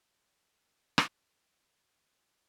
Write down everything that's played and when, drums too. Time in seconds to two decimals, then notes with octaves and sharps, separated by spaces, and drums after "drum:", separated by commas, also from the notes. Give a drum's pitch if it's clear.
0.22 A#4
0.51 D#3 A#3 D4 F4 A#4
0.98 drum: rim click
1.43 F2 F3 A#3 A#4